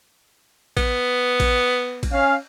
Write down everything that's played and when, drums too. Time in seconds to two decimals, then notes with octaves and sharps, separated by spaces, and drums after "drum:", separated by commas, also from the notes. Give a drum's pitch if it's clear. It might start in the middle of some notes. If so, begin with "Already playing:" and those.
0.77 B3, drum: kick A1, cymbal
1.40 drum: kick A1, cymbal
2.03 drum: kick A1, cymbal
2.13 C#4 F5